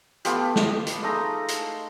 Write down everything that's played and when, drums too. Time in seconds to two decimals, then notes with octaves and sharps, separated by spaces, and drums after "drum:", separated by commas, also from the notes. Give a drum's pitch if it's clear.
0.25 A3 B3 F4 G4, drum: hi-hat
0.56 drum: snare
0.87 drum: hi-hat
1.02 G#3 A3 D#4 A#5
1.48 drum: hi-hat